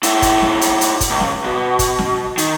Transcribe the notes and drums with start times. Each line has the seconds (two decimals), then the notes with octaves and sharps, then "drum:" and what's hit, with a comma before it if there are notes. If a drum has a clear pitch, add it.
0.03 G#2 E4, drum: hi-hat
0.22 drum: kick, hi-hat
0.42 drum: snare
0.61 drum: hi-hat
0.81 drum: hi-hat
1.01 drum: kick, hi-hat
1.10 C#2
1.20 drum: snare
1.44 B2
1.79 drum: kick, hi-hat
1.99 drum: snare
2.38 D#3, drum: hi-hat